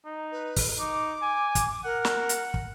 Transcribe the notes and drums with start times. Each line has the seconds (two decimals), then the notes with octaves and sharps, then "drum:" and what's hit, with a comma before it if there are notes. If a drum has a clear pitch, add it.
0.05 D#4
0.32 B4
0.57 drum: kick, open hi-hat
0.79 D#4 D6
1.22 G#5
1.55 drum: kick, hi-hat
1.84 A#4 F#5
2.05 drum: snare
2.29 drum: hi-hat
2.54 drum: kick